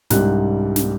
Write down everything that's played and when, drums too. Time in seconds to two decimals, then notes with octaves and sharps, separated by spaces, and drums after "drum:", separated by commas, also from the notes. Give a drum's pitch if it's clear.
0.10 C2 G#2 G3 D4 G4 F#6, drum: snare
0.76 drum: snare